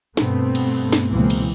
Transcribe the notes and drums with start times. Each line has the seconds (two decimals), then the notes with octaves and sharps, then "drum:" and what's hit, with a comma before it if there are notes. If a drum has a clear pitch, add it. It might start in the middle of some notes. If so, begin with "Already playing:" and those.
0.17 G2 B2 A3 B3 C4, drum: snare
0.55 drum: cymbal
0.92 drum: snare
1.10 C#2 B2 E3 G#3 A#3 C4
1.30 drum: cymbal